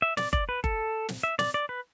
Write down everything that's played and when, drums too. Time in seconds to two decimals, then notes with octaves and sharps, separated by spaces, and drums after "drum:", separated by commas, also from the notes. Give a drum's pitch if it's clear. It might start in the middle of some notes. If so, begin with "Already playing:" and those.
0.02 E5
0.17 D5, drum: snare
0.33 D5, drum: kick G1
0.49 B4
0.64 A4, drum: kick G1
1.09 drum: snare
1.23 E5
1.39 D5, drum: snare
1.54 D5
1.69 B4